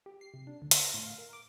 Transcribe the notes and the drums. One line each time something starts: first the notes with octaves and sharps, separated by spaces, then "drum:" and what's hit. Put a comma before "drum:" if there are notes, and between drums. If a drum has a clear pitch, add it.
G4
C7
C3
D4
D2
drum: hi-hat
A#5
A2
F5
A#4
D6